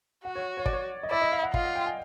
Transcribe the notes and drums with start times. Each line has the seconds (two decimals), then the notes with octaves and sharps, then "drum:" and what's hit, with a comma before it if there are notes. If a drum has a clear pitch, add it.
0.25 F#4 F#5
0.35 C#5
0.57 C#5
0.66 D5, drum: kick
0.73 C#5
1.03 D#5
1.11 E4 D5
1.22 D#5
1.32 F5
1.43 F#5
1.54 F4 F5, drum: kick
1.65 F#5
1.75 G5
1.86 G#5